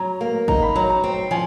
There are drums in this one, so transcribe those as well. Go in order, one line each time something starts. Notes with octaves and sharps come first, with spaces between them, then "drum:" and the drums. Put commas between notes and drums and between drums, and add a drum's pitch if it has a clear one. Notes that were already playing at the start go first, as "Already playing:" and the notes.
Already playing: F#3 A#5
A#3
D#4 A#5, drum: kick
B5
F#3 A#5
A#5
C4
F3 G#5